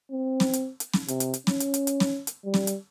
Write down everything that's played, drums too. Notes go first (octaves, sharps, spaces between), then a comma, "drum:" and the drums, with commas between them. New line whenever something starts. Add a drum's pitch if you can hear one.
C4
drum: snare
drum: hi-hat
drum: hi-hat
drum: snare
C3, drum: hi-hat
drum: hi-hat
drum: hi-hat
C#4, drum: snare
drum: hi-hat
drum: hi-hat
drum: hi-hat
drum: snare
drum: hi-hat
G3
drum: snare
drum: hi-hat